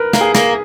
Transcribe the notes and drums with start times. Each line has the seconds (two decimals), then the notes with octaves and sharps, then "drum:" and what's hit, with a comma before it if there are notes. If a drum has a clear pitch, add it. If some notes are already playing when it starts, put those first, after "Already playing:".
Already playing: A#4 B4
0.13 A#3, drum: snare
0.21 G#4
0.35 A#3, drum: snare